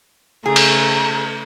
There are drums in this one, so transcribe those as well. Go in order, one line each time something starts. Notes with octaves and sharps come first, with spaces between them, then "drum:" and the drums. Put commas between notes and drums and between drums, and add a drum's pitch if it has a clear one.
C#3 A3 G#4 A#5
drum: cymbal